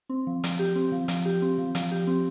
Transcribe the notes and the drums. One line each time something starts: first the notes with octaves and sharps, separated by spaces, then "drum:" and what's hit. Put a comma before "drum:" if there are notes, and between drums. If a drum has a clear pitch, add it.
C4
F3
F3, drum: hi-hat
G4
C4
F3
F3, drum: hi-hat
G4
C4
F3
F3, drum: hi-hat
G4
C4